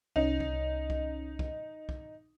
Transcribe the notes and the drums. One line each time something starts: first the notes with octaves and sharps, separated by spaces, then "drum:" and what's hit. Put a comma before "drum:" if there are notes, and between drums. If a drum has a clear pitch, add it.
C2 C#4 D#4
drum: kick
drum: kick
drum: kick
drum: kick